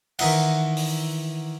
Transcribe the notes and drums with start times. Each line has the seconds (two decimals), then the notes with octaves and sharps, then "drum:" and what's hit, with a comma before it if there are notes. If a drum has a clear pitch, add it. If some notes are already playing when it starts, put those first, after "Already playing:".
0.19 D#3 E3 D#4 E5 F#5, drum: cymbal
0.77 drum: open hi-hat